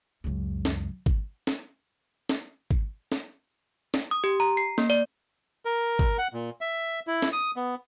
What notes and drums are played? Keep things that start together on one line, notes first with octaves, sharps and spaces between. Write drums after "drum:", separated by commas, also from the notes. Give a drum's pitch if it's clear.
C#2 F#2
drum: snare
drum: kick G#1
drum: snare
drum: snare
drum: kick G#1
drum: snare
drum: snare
D#6
G4
A#5
C7
A#3, drum: snare
D5
A#4
drum: kick G#1
F#5
A#2
E5
E4
drum: snare
D#6
B3